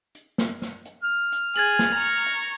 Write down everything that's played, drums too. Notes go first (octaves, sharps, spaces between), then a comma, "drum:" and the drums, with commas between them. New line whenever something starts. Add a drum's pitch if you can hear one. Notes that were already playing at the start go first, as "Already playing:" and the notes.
drum: hi-hat
drum: snare
drum: snare
drum: hi-hat
F6
drum: hi-hat
G#4 G#6 A6 F#7
drum: snare
A#5 C#6
drum: hi-hat